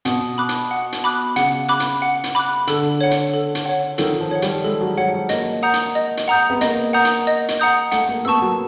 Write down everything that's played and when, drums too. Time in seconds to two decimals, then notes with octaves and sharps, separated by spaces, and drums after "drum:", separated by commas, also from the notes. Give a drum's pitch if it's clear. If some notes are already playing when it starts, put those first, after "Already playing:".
0.05 B2 F#5, drum: hi-hat
0.38 B5 D6 F#6
0.49 drum: hi-hat
0.71 F#5
0.92 drum: hi-hat
1.04 B5 D6 F#6
1.36 C#3 F#5, drum: hi-hat
1.69 B5 D6 F#6
1.80 drum: hi-hat
2.02 F#5
2.24 drum: hi-hat
2.35 B5 D6 F#6
2.67 D3 A4, drum: hi-hat
3.01 C#5 F#5
3.11 drum: hi-hat
3.34 A4
3.55 drum: hi-hat
3.66 C#5 F#5
3.98 D#3 A4, drum: hi-hat
4.20 F3
4.31 C#5 F#5
4.42 G3, drum: hi-hat
4.64 G#3 A4
4.81 F#3
4.97 F#3 C#5 F#5
5.14 F#3
5.29 A#3 D#5, drum: hi-hat
5.63 F#5 A#5 D#6 G6
5.74 drum: hi-hat
5.95 D#5
6.17 drum: hi-hat
6.28 F#5 A#5 D#6 G6
6.50 B3
6.61 A#3 D#5, drum: hi-hat
6.93 F#5 A#5 D#6 G6
7.05 drum: hi-hat
7.27 D#5
7.48 drum: hi-hat
7.59 F#5 A#5 D#6 G6
7.92 A3 F#5, drum: hi-hat
8.09 A#3
8.25 B3 A5 C#6 E6
8.42 F#3